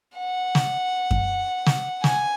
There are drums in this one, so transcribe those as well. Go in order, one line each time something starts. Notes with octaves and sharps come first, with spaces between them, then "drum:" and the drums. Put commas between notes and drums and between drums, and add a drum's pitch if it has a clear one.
F#5
drum: snare
drum: kick F#2
drum: snare
G#5, drum: snare